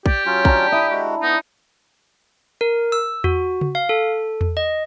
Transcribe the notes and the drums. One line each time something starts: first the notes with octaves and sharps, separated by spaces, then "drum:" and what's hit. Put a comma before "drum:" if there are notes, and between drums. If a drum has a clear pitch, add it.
G4 D5, drum: kick
F#3 C#4 F4
D4 G5 A#5, drum: kick
E4 D#6
G#3 F#4
B3 D#4
A#4
E6
F#4, drum: tom E2
drum: tom C#3
F5
A4
drum: tom E2
D#5